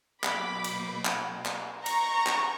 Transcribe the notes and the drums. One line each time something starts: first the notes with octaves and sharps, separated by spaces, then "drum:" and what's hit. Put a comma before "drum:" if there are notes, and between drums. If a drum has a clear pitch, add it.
B2 F#3 A#3 B5 D6, drum: clap
drum: cymbal
drum: clap
drum: clap
A#5 C#6, drum: cymbal
drum: clap